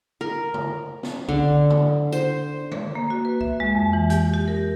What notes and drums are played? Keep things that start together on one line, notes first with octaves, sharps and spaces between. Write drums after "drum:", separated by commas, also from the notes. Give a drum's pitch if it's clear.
A#4
drum: tom
drum: snare
D3, drum: kick C2
drum: tom
C5, drum: tambourine
drum: tom D3
A#3
F#4
B4
E5, drum: kick C2
G#3
F2
E3
G4, drum: hi-hat
G4
A#4